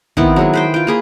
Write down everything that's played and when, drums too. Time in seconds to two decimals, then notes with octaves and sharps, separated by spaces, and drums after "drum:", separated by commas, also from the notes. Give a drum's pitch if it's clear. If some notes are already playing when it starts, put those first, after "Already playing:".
0.17 D#3 B3 C4 E4, drum: kick
0.36 F#3 G#3 B3
0.53 B4 C5 G5
0.74 F4 G5
0.87 A#3 G#4 B4